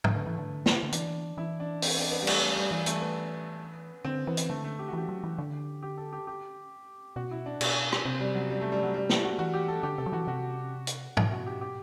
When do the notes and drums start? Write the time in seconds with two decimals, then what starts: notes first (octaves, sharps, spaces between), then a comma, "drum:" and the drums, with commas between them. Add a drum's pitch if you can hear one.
0.04 D3 A3, drum: tom
0.15 D3 B3
0.26 E3 A3
0.38 D3
0.66 drum: snare
0.83 D3
0.92 E3 D4, drum: hi-hat
1.38 E3 E4
1.60 D4
1.82 C4, drum: open hi-hat
1.97 D4
2.11 B3
2.22 G3
2.27 A3, drum: cymbal
2.41 G3
2.56 G3
2.71 E3 G3
2.86 A3, drum: hi-hat
3.01 B3
4.05 D3 C4
4.27 E3 B3
4.37 drum: hi-hat
4.49 D3 A3
4.64 A3
4.79 G4
4.88 F#4
4.93 E3 G4
5.09 F#3
5.24 E3
5.38 D3
5.83 G4
5.97 A4
6.13 G4
6.27 G4
7.16 B2 F#4
7.31 E4
7.46 D4
7.61 B2, drum: cymbal
7.92 drum: rim click
8.05 C3 C4
8.20 G3
8.35 F#3
8.50 G3
8.61 A3
8.72 G3
8.83 F#3
8.94 G3
9.09 A3, drum: snare
9.24 F#4
9.39 E3 F#4
9.54 G4
9.68 A4
9.83 D3 G4
9.98 C3 A4
10.06 F#3
10.12 E3 F#4
10.27 C3 F#4
10.87 drum: hi-hat
11.17 B2 E4, drum: tom
11.32 F#4
11.46 G4
11.61 G4